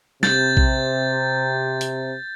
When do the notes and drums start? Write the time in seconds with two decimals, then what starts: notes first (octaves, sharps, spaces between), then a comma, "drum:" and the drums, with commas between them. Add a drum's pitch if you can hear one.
0.23 C3 G6 A6, drum: snare
0.57 drum: kick A#1
1.81 drum: hi-hat